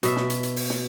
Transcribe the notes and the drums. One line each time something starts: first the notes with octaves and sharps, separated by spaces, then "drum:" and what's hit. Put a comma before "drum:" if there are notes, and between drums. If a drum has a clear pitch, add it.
B2 E5, drum: hi-hat
drum: snare
drum: hi-hat
drum: hi-hat
drum: open hi-hat
drum: snare